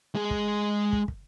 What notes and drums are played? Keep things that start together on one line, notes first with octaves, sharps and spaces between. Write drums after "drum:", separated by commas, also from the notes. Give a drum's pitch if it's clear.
G#3 G#4
drum: kick
drum: kick
drum: kick